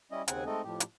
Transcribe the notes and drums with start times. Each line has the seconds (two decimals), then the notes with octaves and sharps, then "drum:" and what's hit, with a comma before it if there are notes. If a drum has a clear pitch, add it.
0.12 G3 C#4 E4 D#5
0.28 D#2 C#3 C4 F#5 G#5, drum: hi-hat
0.46 G#3 A3 C4 D#4 A4 D#5
0.64 F2 A2 G4
0.80 drum: hi-hat